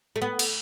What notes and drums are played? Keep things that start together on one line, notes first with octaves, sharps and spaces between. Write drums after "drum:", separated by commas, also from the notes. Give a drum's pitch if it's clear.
A3
B3
drum: cymbal